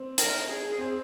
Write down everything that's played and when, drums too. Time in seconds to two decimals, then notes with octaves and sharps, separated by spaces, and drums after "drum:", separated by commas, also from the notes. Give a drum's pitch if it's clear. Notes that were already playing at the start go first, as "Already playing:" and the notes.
Already playing: C4
0.18 A#4, drum: hi-hat
0.48 G#4
0.79 C4